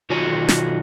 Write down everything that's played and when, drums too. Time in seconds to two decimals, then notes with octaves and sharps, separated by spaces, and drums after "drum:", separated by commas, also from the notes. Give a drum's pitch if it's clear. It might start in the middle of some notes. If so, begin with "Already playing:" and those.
0.10 B1 D#3 F4 F#4 C#5 G#5
0.48 drum: snare